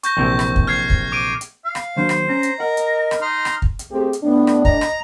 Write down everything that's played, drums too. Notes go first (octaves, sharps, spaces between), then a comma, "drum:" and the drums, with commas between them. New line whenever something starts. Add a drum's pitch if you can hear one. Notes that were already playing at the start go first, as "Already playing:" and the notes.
C#6 G6 A#6, drum: hi-hat
A#1 C3 E3
drum: rim click
drum: kick
F6 G#6 C7
drum: kick
D6 D7 D#7
drum: hi-hat
F5
drum: rim click
D#2 F#3 D4 C5
drum: rim click
C#4 A#5
drum: hi-hat
A#4 D#5 F#5
drum: hi-hat
drum: rim click
D#4 A#5 C6 F6
drum: rim click
drum: kick
drum: hi-hat
A3 C4 G4 G#4
drum: hi-hat
A2 B3 D4
drum: rim click
D#5 A#5, drum: kick
drum: rim click